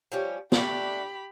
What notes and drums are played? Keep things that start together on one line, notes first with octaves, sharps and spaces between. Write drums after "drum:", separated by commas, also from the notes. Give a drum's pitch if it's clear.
F3 G3 C#4
A3 D4 G4 B5, drum: snare